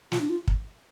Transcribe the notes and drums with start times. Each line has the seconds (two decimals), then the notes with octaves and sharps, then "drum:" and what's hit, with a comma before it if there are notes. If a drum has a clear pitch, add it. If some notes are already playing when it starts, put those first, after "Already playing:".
0.12 F4, drum: snare
0.21 D4
0.30 F4
0.48 drum: kick